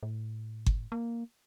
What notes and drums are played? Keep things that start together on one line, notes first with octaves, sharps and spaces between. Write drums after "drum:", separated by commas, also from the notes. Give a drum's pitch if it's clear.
A2
drum: kick G1
A#3